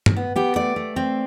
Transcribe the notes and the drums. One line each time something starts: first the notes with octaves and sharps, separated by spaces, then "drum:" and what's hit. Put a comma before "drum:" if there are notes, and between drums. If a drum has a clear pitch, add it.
drum: tom G2
B3
B3 G4
A3 D5
A3
C4